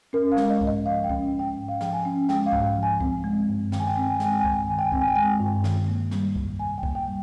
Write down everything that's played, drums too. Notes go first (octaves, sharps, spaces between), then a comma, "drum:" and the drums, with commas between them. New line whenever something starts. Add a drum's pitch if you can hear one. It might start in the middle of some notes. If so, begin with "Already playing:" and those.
C#4 A#4
F5
G#3, drum: snare
D#5
G#2, drum: kick C2
D#5
F3 F5
G5
C#4, drum: kick C2
G#3
G5
G#2
F5
F3 G5, drum: snare
G#5
C#4
G#3 G5, drum: snare
F5
G#2, drum: kick C2
F3
G#5
C4, drum: kick C2
G#3
G2
D#3 G5, drum: snare
G#5
G5
C4 G#5
G5
G#5
G5
G#3, drum: snare
G#5
G5
G#5
G2 G5, drum: kick C2
G#5
G5
D#3 G#5
G5
G#5
C4 G5, drum: kick C2
G#5
G5
G#3 G#5
G5
G2
D#3, drum: snare
A#3
G3, drum: snare
F2, drum: kick C2
C3 G#5
G5
A#3, drum: kick C2
G5
G3